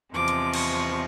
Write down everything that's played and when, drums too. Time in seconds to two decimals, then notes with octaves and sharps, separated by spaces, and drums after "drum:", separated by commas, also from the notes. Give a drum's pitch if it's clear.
0.13 E2 C3 F3 G#3 D6
0.28 drum: hi-hat
0.54 C#6, drum: cymbal